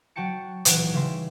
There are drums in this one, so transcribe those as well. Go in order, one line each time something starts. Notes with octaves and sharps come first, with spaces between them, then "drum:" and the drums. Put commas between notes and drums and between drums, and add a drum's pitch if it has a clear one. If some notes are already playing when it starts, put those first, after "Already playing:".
F#3 F#4 G5 A5 C#7
D#1 B1 E3 F#5 F#6 D7, drum: hi-hat
C#3 G3 E5 C6